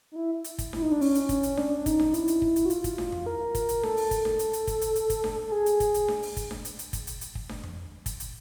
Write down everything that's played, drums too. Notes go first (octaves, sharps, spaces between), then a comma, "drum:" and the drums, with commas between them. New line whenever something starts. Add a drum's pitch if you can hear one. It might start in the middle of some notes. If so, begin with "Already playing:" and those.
D#4
E4
drum: hi-hat
drum: kick, hi-hat
E4, drum: snare D4
D#4
D4
C#4, drum: open hi-hat
drum: hi-hat
drum: kick, hi-hat
drum: hi-hat
D4, drum: snare D4
D#4, drum: kick, hi-hat
drum: snare D4
E4, drum: hi-hat
drum: hi-hat
drum: kick
drum: hi-hat
F#4
F4, drum: hi-hat
drum: kick, hi-hat
drum: snare D4
drum: tom F2
A#4
drum: kick, hi-hat
drum: hi-hat
A4, drum: snare D4
drum: open hi-hat
drum: kick, hi-hat
drum: snare D4
drum: hi-hat
drum: hi-hat
drum: kick, hi-hat
drum: hi-hat
drum: hi-hat
drum: kick, hi-hat
drum: snare D4
A4
G#4
drum: hi-hat
drum: kick, hi-hat
drum: hi-hat
drum: snare D4
drum: open hi-hat
drum: kick, hi-hat
drum: snare D4
drum: hi-hat
drum: hi-hat
drum: kick, hi-hat
drum: hi-hat
drum: hi-hat
drum: kick
drum: snare D4
drum: tom F2
drum: kick, hi-hat
drum: hi-hat